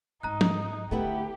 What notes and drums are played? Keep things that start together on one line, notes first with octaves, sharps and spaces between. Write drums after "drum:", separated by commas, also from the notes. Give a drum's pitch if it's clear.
G#2 D#4 A#5 F#6
drum: tom
D3 A3 B3 E4 G4